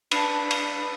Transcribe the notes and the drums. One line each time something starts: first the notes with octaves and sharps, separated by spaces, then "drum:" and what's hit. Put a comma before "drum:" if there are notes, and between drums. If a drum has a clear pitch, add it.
D4 B4 A5 B5, drum: cymbal
drum: cymbal